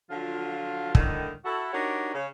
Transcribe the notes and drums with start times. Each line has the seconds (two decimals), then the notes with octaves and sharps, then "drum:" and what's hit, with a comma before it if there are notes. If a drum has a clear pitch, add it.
0.10 D3 F3 F#3 F4
0.95 A2 D3 D#3, drum: kick
1.45 E4 F#4 A4
1.73 D4 D#4 F#4 G4 A#4 C#5
2.14 C#3 C#4